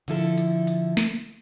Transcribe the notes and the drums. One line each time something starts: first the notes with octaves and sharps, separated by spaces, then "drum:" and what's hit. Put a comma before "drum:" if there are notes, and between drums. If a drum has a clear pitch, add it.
D3 F3 E4 A4, drum: hi-hat
drum: hi-hat
drum: hi-hat
drum: snare